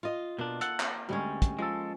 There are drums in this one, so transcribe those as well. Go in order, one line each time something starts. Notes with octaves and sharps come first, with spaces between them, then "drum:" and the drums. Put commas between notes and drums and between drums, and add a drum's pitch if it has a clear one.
F4 D#5
B2 A#3 D4
A4 F#5, drum: hi-hat
drum: clap
D2 G3 G#3 C#4
drum: kick, hi-hat
F3 G#3 A4